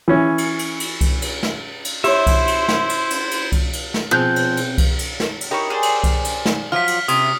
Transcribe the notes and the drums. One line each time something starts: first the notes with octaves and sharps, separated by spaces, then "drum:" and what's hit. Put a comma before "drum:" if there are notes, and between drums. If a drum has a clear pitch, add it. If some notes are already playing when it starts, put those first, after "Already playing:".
E3 C#4
drum: cymbal
drum: cymbal
drum: cymbal
drum: kick C2, cymbal
drum: cymbal
drum: snare
drum: cymbal
E4 G4 C5 C#5 E5 C6, drum: cymbal
drum: kick C2, cymbal
drum: cymbal
drum: snare
drum: cymbal
drum: cymbal
drum: cymbal
drum: kick C2, cymbal
drum: cymbal
drum: snare
B2 F3 C4 G#4 C5 F#6 G6
drum: cymbal
drum: cymbal
drum: kick C2, cymbal
drum: cymbal
drum: snare
drum: cymbal
D#4 E4 G4 A#4 C#5 C#6
G#4 C5 D5
drum: cymbal
drum: kick C2, cymbal
drum: cymbal
drum: snare
F3 F#3 F4 F6 B6
drum: cymbal
C3 E4 F4 D#6 B6, drum: cymbal